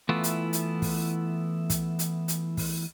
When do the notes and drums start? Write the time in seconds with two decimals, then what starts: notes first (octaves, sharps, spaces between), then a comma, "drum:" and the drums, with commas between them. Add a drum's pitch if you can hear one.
0.09 E3 A3 B3 E4 F4
0.24 drum: hi-hat
0.53 drum: hi-hat
0.82 drum: kick, open hi-hat
1.70 drum: kick, hi-hat
1.99 drum: hi-hat
2.28 drum: hi-hat
2.57 drum: kick, open hi-hat